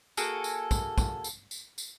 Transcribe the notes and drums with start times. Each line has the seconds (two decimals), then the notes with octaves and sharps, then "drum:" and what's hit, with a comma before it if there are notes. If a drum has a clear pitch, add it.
0.17 A#3 F#4 G#4 A4, drum: tambourine
0.44 drum: tambourine
0.71 drum: kick, tambourine
0.98 drum: kick, tambourine
1.24 drum: tambourine
1.51 drum: tambourine
1.78 drum: tambourine